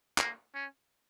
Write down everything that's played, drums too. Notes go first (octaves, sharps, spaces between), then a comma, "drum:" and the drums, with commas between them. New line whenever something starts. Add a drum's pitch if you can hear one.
A#3, drum: clap
C#4